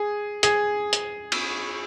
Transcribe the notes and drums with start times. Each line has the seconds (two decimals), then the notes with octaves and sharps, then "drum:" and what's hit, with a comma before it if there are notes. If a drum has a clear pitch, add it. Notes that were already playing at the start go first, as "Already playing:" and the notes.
Already playing: G#4
0.43 G#4, drum: hi-hat
0.93 drum: hi-hat
1.32 drum: cymbal